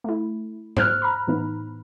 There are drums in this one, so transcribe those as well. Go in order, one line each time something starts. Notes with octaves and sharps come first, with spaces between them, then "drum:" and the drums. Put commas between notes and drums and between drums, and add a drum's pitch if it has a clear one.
A3 E4
C5 F6 F#6, drum: tom G#2
A#5 B5
A2 E3 B3 D#4